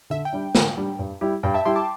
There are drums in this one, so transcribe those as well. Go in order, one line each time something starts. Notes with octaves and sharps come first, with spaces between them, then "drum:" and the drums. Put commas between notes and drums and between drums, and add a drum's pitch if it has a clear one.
D3 E5
G5
G3 D4
D3, drum: snare
G3 D4
G2
G3 E4 G4
G2 G5
E5 A5
G3 E4 G4 G5 C6
A5 D6